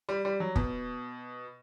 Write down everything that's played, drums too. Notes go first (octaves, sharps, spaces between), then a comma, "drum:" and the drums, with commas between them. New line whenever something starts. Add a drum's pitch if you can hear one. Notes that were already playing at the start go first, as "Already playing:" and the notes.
G3
G3
F#3
B2, drum: kick